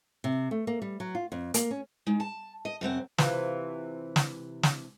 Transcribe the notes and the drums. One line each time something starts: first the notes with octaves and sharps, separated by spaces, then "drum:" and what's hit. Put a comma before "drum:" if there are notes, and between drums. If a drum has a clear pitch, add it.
C3
A3
A#3
G3
F#3
F4
F2
A#3, drum: hi-hat
C#4
G#3 D#4
A5
D#5
F#2 C#3 C4 F#5
C3 E3 F4, drum: snare
drum: snare
drum: snare